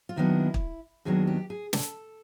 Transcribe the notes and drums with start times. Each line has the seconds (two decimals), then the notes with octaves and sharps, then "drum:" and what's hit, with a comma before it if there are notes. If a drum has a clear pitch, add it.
0.09 F4
0.16 D#2 D#3 F#3 B3 D4 E4
0.54 drum: kick
1.05 D#2 D#3 F#3 B3 D4 G#4
1.27 G4
1.50 G#4
1.73 A4, drum: snare